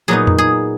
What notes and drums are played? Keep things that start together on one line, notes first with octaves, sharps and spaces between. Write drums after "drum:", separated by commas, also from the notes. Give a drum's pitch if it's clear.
A#2 F#3 B3 D#4 G#4
drum: tom F2
G#4